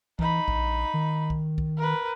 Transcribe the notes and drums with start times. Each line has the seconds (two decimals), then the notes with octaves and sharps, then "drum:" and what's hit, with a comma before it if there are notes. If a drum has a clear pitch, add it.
0.19 E3 D#4 B5, drum: kick
0.48 A#1, drum: kick
0.94 D#3
1.30 drum: kick
1.58 drum: kick
1.77 A#4 B4